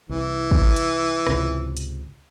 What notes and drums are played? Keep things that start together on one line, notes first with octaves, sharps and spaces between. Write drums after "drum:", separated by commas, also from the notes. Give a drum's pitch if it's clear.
C2 E3
drum: kick
drum: hi-hat
C#2 G#2 C3, drum: rim click
drum: hi-hat